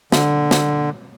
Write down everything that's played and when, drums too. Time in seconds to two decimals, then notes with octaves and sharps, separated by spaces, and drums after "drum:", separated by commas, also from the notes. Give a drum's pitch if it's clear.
0.12 D3, drum: snare
0.51 drum: snare